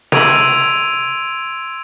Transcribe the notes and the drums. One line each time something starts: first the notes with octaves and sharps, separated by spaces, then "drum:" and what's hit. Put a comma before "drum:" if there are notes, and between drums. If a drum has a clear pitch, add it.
C6 E6 G#6 D7 D#7 F7, drum: snare